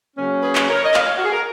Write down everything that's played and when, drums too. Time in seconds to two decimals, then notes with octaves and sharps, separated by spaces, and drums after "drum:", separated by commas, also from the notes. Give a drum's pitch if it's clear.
0.16 C#3 F#3 A#3 C#4
0.43 G#4 B4
0.55 drum: clap
0.68 A#4 C#5
0.84 D#5
0.94 C#5 F5, drum: clap
1.17 F#4
1.24 G#4
1.32 A#4